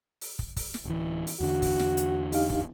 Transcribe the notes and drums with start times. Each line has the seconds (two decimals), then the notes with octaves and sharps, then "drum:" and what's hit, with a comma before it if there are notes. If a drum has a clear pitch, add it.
0.21 drum: open hi-hat
0.39 drum: kick
0.56 drum: kick, open hi-hat
0.74 drum: snare
0.85 D1 E3
1.27 drum: open hi-hat
1.40 E2 D3 F#4
1.62 drum: kick, open hi-hat
1.79 drum: snare
1.97 drum: hi-hat
2.32 D#4 G4 F5, drum: open hi-hat
2.50 drum: kick